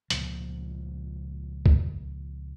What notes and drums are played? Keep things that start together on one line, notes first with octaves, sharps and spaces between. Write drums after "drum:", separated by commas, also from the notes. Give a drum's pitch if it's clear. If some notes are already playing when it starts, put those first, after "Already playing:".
C#2 A#2 F3, drum: hi-hat
drum: kick C2